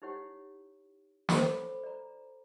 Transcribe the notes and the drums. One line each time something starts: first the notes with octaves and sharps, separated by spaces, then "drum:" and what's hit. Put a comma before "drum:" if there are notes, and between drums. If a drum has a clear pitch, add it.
D#4 E4 G4 C#5 F#5
E4 A4 C5 C#5 F#5 D6, drum: snare
B5
D5 A#5